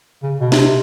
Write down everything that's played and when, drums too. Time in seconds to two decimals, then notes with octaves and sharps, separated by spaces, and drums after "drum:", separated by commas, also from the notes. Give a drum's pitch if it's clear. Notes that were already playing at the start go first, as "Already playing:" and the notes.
0.23 C#3
0.40 B2
0.52 C3, drum: snare